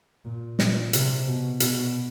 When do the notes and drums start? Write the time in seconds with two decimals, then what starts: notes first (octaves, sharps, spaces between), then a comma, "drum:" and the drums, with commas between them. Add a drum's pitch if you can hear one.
0.25 A#2
0.59 A#2, drum: snare
0.93 C3, drum: hi-hat
1.27 B2
1.60 B2, drum: hi-hat